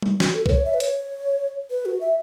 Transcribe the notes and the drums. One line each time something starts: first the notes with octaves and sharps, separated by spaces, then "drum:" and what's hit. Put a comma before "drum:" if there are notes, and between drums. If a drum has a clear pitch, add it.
drum: tom G3
F#4, drum: snare
A4
B4, drum: kick
C#5
E5
B4
C#5, drum: hi-hat
B4
F#4
E5